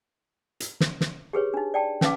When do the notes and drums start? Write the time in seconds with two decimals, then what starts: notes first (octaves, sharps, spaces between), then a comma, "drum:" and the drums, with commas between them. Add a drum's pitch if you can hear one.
0.60 drum: hi-hat
0.80 drum: snare
1.01 drum: snare
1.33 G4 G#4 B4 C#5
1.54 D4 D#4
1.74 D5 G5 A5
2.01 C#4 D#4 B4 F5 D6, drum: snare